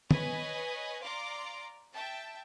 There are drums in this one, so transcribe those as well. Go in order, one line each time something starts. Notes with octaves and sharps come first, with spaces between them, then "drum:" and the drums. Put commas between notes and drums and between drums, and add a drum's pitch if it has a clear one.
B4 C#5 D#5 G#5, drum: tom
D5 F5 A#5 C6 D6
E5 G5 A5